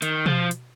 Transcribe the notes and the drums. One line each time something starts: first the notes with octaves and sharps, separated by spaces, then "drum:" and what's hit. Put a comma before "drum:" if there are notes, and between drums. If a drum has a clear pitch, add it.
D#3, drum: hi-hat
F3, drum: tom B2
drum: hi-hat